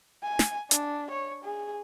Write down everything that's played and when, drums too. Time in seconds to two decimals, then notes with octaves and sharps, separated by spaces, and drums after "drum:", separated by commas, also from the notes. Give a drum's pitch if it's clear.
0.22 G#5
0.39 drum: snare
0.71 D4, drum: hi-hat
1.11 C#5
1.44 G#4